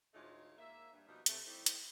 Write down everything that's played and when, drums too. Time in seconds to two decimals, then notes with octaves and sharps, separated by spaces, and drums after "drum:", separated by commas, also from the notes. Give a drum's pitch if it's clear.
0.14 D2 G#2 G#3 A3 F4 C#5
0.58 A#3 E5
0.93 G2
1.07 B2 F3 G3 D#4
1.26 C3 A3, drum: hi-hat
1.46 G3 A3 C4 D#4 E4
1.66 drum: hi-hat